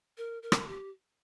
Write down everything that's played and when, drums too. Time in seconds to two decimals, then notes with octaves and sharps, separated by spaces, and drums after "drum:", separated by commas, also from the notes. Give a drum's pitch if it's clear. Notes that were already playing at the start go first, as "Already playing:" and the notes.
0.18 A#4
0.43 A#4
0.52 drum: rim click
0.67 G4